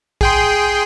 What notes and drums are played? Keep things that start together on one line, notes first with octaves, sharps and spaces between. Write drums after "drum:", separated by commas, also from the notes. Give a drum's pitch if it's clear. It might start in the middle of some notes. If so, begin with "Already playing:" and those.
G#4 G5 C6, drum: kick